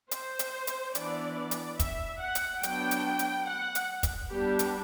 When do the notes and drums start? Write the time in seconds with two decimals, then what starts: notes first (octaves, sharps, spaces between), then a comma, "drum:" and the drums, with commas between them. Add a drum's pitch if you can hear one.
0.11 C5, drum: hi-hat
0.39 drum: hi-hat
0.67 drum: hi-hat
0.95 E3 B3 D4 D5, drum: hi-hat
1.51 drum: hi-hat
1.79 E5, drum: kick, hi-hat
2.21 F#5
2.35 drum: hi-hat
2.63 F#3 B3 D4 G5, drum: hi-hat
2.91 drum: hi-hat
3.19 drum: hi-hat
3.46 F#5
3.75 drum: hi-hat
4.03 drum: kick, hi-hat
4.31 G3 B3 D4 G4
4.59 drum: hi-hat